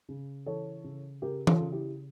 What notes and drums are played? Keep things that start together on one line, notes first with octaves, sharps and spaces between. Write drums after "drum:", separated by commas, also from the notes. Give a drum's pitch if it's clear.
C#3
E3 A4 C#5
C#3
C#3 G4 A#4
F4 A4, drum: tom E3
C#3
E4 G4